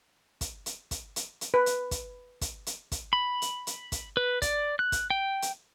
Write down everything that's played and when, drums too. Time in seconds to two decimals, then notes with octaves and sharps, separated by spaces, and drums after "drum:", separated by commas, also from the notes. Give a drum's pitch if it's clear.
0.41 drum: kick, hi-hat
0.66 drum: hi-hat
0.91 drum: kick, hi-hat
1.16 drum: hi-hat
1.41 drum: hi-hat
1.54 B4
1.66 drum: hi-hat
1.91 drum: kick, hi-hat
2.41 drum: kick, hi-hat
2.66 drum: hi-hat
2.92 drum: kick, hi-hat
3.13 B5
3.42 drum: hi-hat
3.67 drum: hi-hat
3.92 drum: kick, hi-hat
4.17 B4
4.42 D5, drum: kick, hi-hat
4.79 F#6
4.92 drum: kick, hi-hat
5.10 G5
5.42 drum: hi-hat